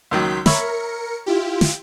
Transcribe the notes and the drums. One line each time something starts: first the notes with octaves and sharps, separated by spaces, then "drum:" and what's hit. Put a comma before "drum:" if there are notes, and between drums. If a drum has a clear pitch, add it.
C#2 D#3 F#3 C6 G6 B6
A#4 C#5 E5 B5 C#7, drum: snare
E4 F4 G4
drum: snare